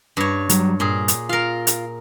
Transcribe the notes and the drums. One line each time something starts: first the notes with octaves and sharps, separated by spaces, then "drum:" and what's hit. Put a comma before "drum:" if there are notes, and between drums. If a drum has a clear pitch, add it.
G2 C#5
F#3 G3, drum: hi-hat
G2 A#2 G#4
drum: hi-hat
F4 A#4 F5
drum: hi-hat